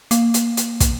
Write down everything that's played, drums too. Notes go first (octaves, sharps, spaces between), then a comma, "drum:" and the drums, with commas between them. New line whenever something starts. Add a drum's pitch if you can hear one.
A#3, drum: hi-hat
drum: hi-hat
drum: hi-hat
drum: kick, hi-hat